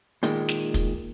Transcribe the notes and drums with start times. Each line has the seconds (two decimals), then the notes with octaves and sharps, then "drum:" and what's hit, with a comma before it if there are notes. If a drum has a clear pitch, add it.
0.23 A#2 D#3 G#3, drum: hi-hat
0.48 drum: snare
0.74 drum: kick, hi-hat